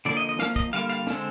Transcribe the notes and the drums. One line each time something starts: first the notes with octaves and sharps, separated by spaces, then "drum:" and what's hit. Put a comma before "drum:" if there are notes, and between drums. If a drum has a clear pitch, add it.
D3 F3 A#3 D5, drum: hi-hat
D#5
D#5
F3 A#3 F5, drum: snare
D#5, drum: kick, hi-hat
D3 G3 A#3 F5, drum: hi-hat
F5, drum: hi-hat
D3 G#3 C4, drum: snare